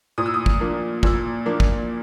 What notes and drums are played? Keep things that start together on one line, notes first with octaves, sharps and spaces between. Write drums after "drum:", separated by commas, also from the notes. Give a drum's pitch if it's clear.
A#2 D#6
E6
D#6
drum: kick
F3 A#3 D4
A#2 E6, drum: kick
F3 A#3 D4
drum: kick